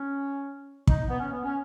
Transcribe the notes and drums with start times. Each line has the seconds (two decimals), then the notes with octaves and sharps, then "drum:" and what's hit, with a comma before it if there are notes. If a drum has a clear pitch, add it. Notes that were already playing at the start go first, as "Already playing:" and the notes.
Already playing: C#4
0.87 D#4, drum: kick
1.08 B3
1.20 C#4
1.32 B3
1.44 C#4